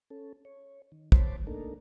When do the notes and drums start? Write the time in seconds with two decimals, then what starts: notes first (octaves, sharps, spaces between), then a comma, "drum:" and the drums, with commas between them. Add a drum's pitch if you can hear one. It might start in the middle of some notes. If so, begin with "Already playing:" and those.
0.10 C#4 A4
0.45 C#5
0.92 D#3
1.12 C5 C#5 A5 B5 C6 D6, drum: kick
1.47 A3 A#3 D4 D#4 A4 A#4